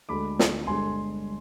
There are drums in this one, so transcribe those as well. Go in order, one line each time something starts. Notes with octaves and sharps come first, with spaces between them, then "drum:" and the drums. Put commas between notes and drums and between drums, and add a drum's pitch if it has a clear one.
D2 D3 G#3 B5 D6
drum: snare
G1 G2 D3 G#3 G#5 C6